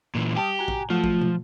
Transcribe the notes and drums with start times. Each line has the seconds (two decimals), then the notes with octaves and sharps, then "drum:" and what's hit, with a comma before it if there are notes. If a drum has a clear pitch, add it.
0.15 A#2 E3
0.36 G3 G4 A5 D#6
0.59 F#4 G#5 A#5
0.68 drum: kick
0.90 F3 F#3 A3 F4
1.04 drum: kick
1.21 drum: tom